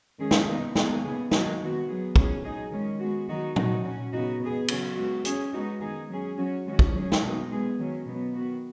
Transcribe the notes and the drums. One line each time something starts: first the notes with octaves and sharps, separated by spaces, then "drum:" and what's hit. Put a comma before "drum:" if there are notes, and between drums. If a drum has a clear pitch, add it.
D#3 G#3 C#4 G#4
drum: snare
B2 B3 D#4
G#3 B3 D#4 G#4, drum: snare
C#3 B3 G#4
D#3 F#3 D#4 F#4, drum: snare
D#3 B3 F#4
F#3 B3 G#4
G#3 C#4 G#4, drum: kick
F#3 D#4 G#4
D#3 G#3 C#4
G#3 B3 F#4
D#3 F#3 D#4 F#4
F#3 D#4 F#4, drum: tom
F#3 C#4 F#4
C#3 B3 D#4 F#4
B2 B3 G#4
C#3 F#3 C#4 F#4, drum: cymbal
G#3 B3 F#4
F#3 C#4 G#4, drum: hi-hat
G#3 B3 D#4 F#4
D#3 G#3 D#4 G#4
F#3 C#4 G#4
F#3 C#4 F#4
D#3 G#3 C#4 F#4
drum: kick
F#3 C#4 G#4
drum: snare
B2 F#3 D#4
G#3 B3 G#4
D#3 F#3 C#4
B2 F#3 B3
D#3 B3 F#4